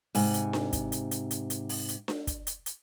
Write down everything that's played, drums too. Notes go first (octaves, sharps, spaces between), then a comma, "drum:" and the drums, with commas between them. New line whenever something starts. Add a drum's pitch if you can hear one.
G#2 C3 G#5, drum: open hi-hat
drum: hi-hat
drum: snare D4
drum: kick, hi-hat
drum: hi-hat
drum: hi-hat
drum: hi-hat
drum: hi-hat
drum: open hi-hat
drum: hi-hat
drum: snare D4
drum: kick, hi-hat
drum: hi-hat
drum: hi-hat